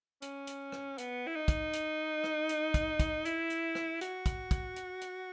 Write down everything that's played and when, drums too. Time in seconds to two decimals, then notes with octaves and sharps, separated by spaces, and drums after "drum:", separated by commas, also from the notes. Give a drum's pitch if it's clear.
0.22 C#4, drum: hi-hat
0.47 drum: hi-hat
0.72 drum: rim click
0.98 B3, drum: hi-hat
1.27 E4
1.35 D#4
1.48 drum: kick, hi-hat
1.73 drum: hi-hat
2.24 drum: rim click
2.49 drum: hi-hat
2.74 drum: kick, hi-hat
3.00 drum: kick, hi-hat
3.25 E4, drum: hi-hat
3.50 drum: hi-hat
3.75 drum: rim click
4.01 F#4, drum: hi-hat
4.26 drum: kick, hi-hat
4.51 drum: kick, hi-hat
4.76 drum: hi-hat
5.01 drum: hi-hat